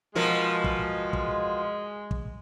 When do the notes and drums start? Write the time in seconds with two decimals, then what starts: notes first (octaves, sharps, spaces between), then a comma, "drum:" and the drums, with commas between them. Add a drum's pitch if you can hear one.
0.15 B2 F3 G#3 A#4
0.64 drum: kick
1.13 drum: kick
2.11 drum: kick